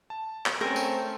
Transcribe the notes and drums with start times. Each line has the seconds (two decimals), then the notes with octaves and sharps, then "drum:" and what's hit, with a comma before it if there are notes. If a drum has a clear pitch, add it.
0.10 A5
0.46 drum: clap
0.61 A3 C4 C#4 A#4 C5 G#5
0.76 drum: tambourine